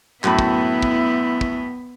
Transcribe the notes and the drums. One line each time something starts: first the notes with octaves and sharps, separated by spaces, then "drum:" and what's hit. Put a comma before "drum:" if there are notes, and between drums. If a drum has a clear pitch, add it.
F#2 A2 B3 E4 B5, drum: clap
drum: kick
drum: kick
drum: kick